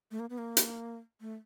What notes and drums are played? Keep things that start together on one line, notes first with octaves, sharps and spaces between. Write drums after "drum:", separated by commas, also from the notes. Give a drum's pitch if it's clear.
A3
A#3
B3
A#3
drum: hi-hat
A3